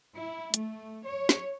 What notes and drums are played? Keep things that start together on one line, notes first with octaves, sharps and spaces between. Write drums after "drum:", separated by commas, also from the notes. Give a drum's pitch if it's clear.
E4
A3, drum: hi-hat
C#5
drum: snare